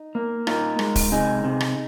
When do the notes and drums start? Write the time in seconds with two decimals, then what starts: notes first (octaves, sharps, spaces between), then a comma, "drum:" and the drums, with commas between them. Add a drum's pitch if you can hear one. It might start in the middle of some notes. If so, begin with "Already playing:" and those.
Already playing: D#4
0.15 A#3
0.47 D#4 F4 A#4, drum: rim click
0.79 G#3, drum: rim click
0.96 drum: kick, open hi-hat
1.12 C3 D#4 G#4
1.44 C3
1.61 drum: rim click